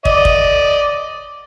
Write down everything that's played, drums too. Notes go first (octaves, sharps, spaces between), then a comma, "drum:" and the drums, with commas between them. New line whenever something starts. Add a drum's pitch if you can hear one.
D5 D#5, drum: kick
drum: kick